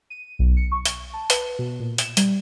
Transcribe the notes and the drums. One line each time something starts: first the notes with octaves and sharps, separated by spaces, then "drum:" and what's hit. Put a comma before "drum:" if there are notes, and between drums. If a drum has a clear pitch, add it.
D#7
B1
C#7
C#6
drum: hi-hat
A5
B4, drum: hi-hat
B2
A#2
E7, drum: hi-hat
G3, drum: hi-hat